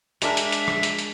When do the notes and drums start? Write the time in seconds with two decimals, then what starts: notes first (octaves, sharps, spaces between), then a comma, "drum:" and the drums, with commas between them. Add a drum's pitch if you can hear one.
0.22 G#3 D4 A#4 E5, drum: hi-hat
0.37 drum: hi-hat
0.52 drum: hi-hat
0.68 drum: rim click
0.83 drum: hi-hat
0.99 drum: hi-hat